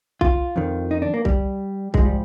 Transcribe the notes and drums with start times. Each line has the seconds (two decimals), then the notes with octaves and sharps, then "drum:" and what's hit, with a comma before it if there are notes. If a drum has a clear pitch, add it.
0.21 F4, drum: kick
0.56 F2 D#3
0.91 D#4
1.02 D4
1.14 A#3
1.25 G3, drum: kick
1.94 G#2 F3 G#3, drum: kick
2.05 G3